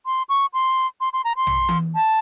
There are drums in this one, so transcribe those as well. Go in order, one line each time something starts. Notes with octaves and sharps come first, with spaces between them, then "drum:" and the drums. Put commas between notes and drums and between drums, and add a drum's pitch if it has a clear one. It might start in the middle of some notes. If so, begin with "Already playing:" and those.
C6
C#6
C6
C6
C6
A#5
C6
drum: tom
drum: tom E3
A5